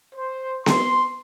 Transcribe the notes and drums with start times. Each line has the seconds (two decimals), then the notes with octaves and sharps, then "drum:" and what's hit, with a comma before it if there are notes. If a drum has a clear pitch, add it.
0.15 C5
0.66 C6, drum: snare B3